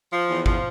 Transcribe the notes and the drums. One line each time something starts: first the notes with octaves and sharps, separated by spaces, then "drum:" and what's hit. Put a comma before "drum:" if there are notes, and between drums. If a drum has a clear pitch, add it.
F3
E2
F3, drum: kick G#1